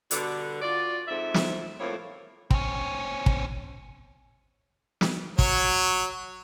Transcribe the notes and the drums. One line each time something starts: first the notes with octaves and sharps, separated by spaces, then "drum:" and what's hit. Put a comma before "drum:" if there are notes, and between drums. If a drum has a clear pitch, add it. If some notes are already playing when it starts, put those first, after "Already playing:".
G2 B2 D3, drum: hi-hat
F4 F#4 D5
F2 G#2 E5
drum: snare
F2 A2 A3 A#3 C#5
C4 C#4, drum: kick
drum: kick
drum: snare
F#3 C#5, drum: kick